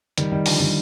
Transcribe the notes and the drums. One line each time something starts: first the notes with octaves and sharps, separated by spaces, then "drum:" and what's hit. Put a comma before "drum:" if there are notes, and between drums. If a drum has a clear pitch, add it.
D#3 G3, drum: hi-hat
D#3 G3
D3 F3, drum: open hi-hat
D#3 G3